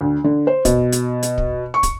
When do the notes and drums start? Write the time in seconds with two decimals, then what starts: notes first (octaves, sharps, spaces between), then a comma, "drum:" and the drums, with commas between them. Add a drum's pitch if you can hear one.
0.01 D2
0.24 D3
0.47 C5
0.65 B2, drum: kick, hi-hat
0.92 drum: hi-hat
1.23 drum: hi-hat
1.38 drum: kick
1.74 C#6
1.83 drum: kick, hi-hat